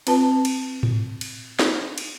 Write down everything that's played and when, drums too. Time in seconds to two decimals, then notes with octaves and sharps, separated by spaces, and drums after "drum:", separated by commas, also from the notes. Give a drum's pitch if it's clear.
0.07 C4 F4 B4 A5, drum: cymbal
0.45 drum: cymbal
0.83 drum: tom G#2
1.21 drum: cymbal
1.59 drum: snare
1.98 drum: cymbal